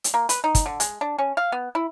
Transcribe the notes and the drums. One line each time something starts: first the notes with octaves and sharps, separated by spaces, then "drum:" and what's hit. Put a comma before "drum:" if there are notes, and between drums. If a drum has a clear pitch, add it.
drum: hi-hat
A#3
B4, drum: hi-hat
D#4
drum: kick, hi-hat
D3
G#3, drum: hi-hat
D4
C#4
F5
B3
E4